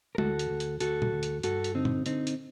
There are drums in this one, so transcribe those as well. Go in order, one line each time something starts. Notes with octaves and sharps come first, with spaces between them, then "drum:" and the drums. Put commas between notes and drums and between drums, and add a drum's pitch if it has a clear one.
A#4
D2 F#4 A4, drum: tom
drum: hi-hat
D2
drum: hi-hat
D2 F#4 A4, drum: hi-hat
drum: tom A#2
D2
drum: hi-hat
G2 F#4 A4, drum: hi-hat
drum: hi-hat
D3 C4 D#4
drum: tom A#2
D3 C4 D#4, drum: hi-hat
drum: hi-hat